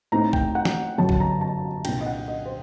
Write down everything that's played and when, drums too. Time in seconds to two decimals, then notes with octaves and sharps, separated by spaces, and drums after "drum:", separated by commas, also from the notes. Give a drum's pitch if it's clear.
0.12 A2 A3 C4 D#4 A#5
0.33 G5, drum: kick
0.55 F#5
0.65 drum: snare
0.98 G1 F#2 F#3 A5
1.09 drum: kick
1.20 A#5
1.41 A5
1.85 C2 A#2 G3 D4 G5, drum: cymbal
2.01 D#5
2.06 F#5
2.28 D#5
2.45 C5